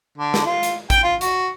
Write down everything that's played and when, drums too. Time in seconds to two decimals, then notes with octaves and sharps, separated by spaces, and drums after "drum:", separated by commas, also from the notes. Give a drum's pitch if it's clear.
0.18 D3
0.34 drum: snare
0.46 F4
0.63 drum: hi-hat
0.90 G5, drum: kick, hi-hat
1.03 F4
1.21 F#4, drum: hi-hat